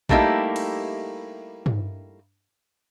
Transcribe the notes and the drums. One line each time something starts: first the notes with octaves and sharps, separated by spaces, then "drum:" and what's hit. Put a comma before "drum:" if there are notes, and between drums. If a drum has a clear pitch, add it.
G3 A3 A#3 D#4 E4 G4, drum: kick A#1
drum: cymbal
drum: tom